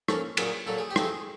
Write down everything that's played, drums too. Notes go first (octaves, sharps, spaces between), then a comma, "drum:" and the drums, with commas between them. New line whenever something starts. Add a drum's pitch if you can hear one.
F3 A#3 C#4 A4, drum: rim click
A#2 F#3 A#3 G#4, drum: cymbal
A#2 F#3 A#3 A4
G#4
G4
F3 A3 C4 D#4, drum: rim click
G#4